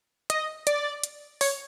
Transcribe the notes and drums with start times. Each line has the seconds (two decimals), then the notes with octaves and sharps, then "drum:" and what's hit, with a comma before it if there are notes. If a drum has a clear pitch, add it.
0.30 D#5, drum: hi-hat
0.67 D5, drum: hi-hat
1.03 drum: hi-hat
1.41 C#5, drum: open hi-hat